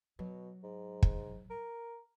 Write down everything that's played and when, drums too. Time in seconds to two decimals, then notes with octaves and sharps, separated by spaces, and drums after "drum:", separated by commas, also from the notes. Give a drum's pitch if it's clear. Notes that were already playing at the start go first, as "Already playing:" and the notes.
0.19 B2 F#3
0.64 G#2
1.03 drum: kick
1.50 A#4